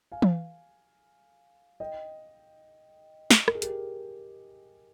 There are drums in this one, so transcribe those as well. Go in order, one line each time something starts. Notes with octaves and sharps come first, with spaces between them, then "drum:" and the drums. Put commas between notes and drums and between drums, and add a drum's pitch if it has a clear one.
F5 G#5
drum: tom E3
D#5 G5
drum: snare
A#4, drum: rim click
G#4
G4 A#4, drum: hi-hat